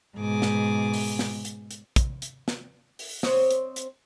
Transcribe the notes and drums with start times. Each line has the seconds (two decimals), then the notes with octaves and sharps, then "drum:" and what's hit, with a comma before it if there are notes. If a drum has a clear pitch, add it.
0.16 G#2 B2 G#4 D6
0.42 drum: snare
0.93 drum: open hi-hat
1.19 drum: snare
1.45 drum: hi-hat
1.71 drum: hi-hat
1.96 drum: kick, hi-hat
2.22 drum: hi-hat
2.48 drum: snare
2.99 drum: open hi-hat
3.23 C4 C#5 D#5, drum: snare
3.51 drum: hi-hat
3.76 drum: hi-hat